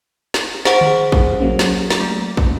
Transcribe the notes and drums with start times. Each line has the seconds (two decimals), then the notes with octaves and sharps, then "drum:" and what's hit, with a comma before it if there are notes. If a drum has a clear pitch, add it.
0.34 drum: snare
0.65 G#4 C5 F#5, drum: snare
0.81 drum: tom D3
1.12 drum: kick
1.40 F#3 A#3 C#4
1.59 drum: snare
1.90 drum: snare
2.00 A3
2.37 drum: kick